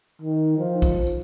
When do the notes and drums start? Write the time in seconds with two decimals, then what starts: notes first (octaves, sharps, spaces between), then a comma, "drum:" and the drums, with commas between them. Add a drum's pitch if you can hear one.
0.21 D#3
0.58 F3
0.82 drum: kick, tambourine
1.07 drum: tambourine